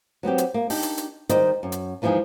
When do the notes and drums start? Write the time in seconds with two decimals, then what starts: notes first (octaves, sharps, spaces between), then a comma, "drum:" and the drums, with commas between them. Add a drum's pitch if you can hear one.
0.23 F#3 B3 C4 G4
0.38 drum: hi-hat
0.54 A#3
0.70 D4 D#4 G4, drum: open hi-hat
0.83 drum: hi-hat
0.98 drum: hi-hat
1.29 D#3 G3 C5 D5 D#5, drum: hi-hat
1.63 F#2
1.72 drum: hi-hat
2.02 D#2 E3 F3 G#3 D#4 G#4